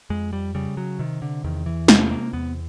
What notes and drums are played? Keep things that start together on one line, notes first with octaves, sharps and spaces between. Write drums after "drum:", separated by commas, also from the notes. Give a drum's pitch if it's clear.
F2 G#3
G3
C#3 G3
F#3
C3 D#3
D3
E2 D#3
E3
C3 A3, drum: snare
A#3
E2 B3